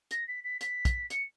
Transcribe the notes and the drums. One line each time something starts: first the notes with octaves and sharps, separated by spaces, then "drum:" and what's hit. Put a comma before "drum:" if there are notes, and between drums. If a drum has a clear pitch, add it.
A#6, drum: hi-hat
B6
B6
B6, drum: hi-hat
drum: kick, hi-hat
C#7, drum: hi-hat